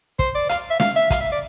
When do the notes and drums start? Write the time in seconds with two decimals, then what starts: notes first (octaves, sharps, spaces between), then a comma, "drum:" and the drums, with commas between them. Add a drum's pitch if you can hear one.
0.19 C5, drum: kick
0.35 D5
0.49 F5, drum: hi-hat
0.70 E5
0.80 F5, drum: snare
0.96 E5
1.10 F5, drum: kick, hi-hat
1.20 E5
1.32 D5